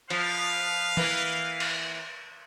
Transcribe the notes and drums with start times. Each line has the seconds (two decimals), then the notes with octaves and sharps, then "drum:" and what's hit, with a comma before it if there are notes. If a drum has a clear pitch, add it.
0.10 F3 B4 F5, drum: cymbal
0.97 E3 A#3, drum: tom E3
1.60 drum: cymbal